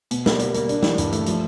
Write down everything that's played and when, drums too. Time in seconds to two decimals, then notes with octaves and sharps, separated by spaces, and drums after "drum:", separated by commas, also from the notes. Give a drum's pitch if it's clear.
0.11 B2, drum: hi-hat
0.26 A#3, drum: snare
0.39 G3, drum: hi-hat
0.54 A#3, drum: hi-hat
0.69 D4, drum: hi-hat
0.83 E3, drum: snare
0.98 G2, drum: hi-hat
1.12 A3, drum: hi-hat
1.26 F3, drum: hi-hat